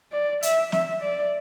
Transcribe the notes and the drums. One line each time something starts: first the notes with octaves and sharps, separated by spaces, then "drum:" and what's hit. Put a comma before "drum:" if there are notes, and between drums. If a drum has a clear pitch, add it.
D5
E5, drum: hi-hat
E5, drum: snare
D5